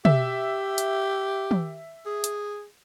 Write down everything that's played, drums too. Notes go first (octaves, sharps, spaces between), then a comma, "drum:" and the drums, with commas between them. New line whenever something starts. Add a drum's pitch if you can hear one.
G4 E5, drum: tom
drum: hi-hat
drum: tom
G#4
drum: hi-hat